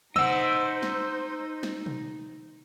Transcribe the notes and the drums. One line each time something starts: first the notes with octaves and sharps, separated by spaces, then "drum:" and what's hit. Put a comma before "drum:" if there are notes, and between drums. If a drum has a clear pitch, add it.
D#4 C5 D#5 F#5 E6, drum: tom
drum: snare
drum: snare
drum: tom